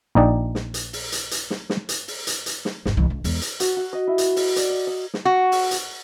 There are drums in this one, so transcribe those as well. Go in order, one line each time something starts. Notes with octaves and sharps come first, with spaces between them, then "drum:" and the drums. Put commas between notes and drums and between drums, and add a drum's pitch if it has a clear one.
A#1 D#4 D5 G5
drum: snare
drum: hi-hat
drum: open hi-hat
drum: hi-hat
drum: hi-hat
drum: snare
drum: snare
drum: hi-hat
drum: open hi-hat
drum: hi-hat
drum: hi-hat
drum: snare
G#1 E2, drum: snare
C2 E3
C#2
E2 G#3, drum: open hi-hat
drum: hi-hat
F#4, drum: hi-hat
F#4
D#5
E4
drum: hi-hat
D#5, drum: open hi-hat
D5, drum: hi-hat
D#5
D#5
drum: snare
F#4
drum: open hi-hat
drum: hi-hat